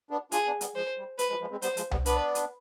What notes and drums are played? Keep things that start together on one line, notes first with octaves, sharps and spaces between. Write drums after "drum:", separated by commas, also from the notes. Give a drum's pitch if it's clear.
B3 D4
D4 F4 G#4, drum: hi-hat
B3 D4
G3 B3, drum: hi-hat
F3 G#3 C5
G3
B4, drum: hi-hat
F3 G#3
F3 G#3
G#3 C4
G3 B3 C5, drum: hi-hat
F3 G#3, drum: hi-hat
G3 B3, drum: tom C2
B3 D4 B4, drum: hi-hat
drum: hi-hat